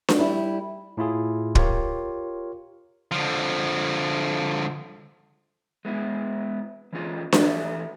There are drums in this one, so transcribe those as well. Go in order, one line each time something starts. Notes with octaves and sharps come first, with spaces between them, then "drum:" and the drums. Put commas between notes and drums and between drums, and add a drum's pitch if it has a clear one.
drum: snare D4
G3 E4
A2 E4 F4 G#4
F4 G4 A#4 C#5, drum: kick
D3 F3
G#3 B3 E4
E3 A#3 C#4 F4 G#4 D#5
E3 A3 G4 B4 E5 A5, drum: snare D4